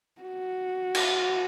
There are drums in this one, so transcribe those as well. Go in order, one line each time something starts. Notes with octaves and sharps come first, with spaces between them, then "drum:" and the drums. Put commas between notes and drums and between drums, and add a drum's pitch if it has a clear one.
F#4
drum: cymbal